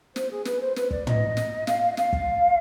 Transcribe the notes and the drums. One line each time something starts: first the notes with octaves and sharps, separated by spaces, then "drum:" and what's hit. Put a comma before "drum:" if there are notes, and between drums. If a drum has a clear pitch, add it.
C5, drum: snare
G#4
B4, drum: snare
C5
B4, drum: snare
D5, drum: kick
D#5, drum: tom
drum: snare
F5, drum: snare
F5
D#5
F5, drum: snare
drum: kick